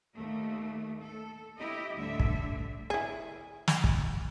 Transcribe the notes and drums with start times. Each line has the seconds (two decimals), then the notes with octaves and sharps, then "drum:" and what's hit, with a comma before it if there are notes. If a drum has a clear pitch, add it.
0.14 D#2 A3
1.02 A4
1.57 E4 G4 D#5
1.95 D2 A2 D3 G3 E5
2.20 drum: kick
2.90 E4 G#4
3.68 drum: snare
3.84 drum: kick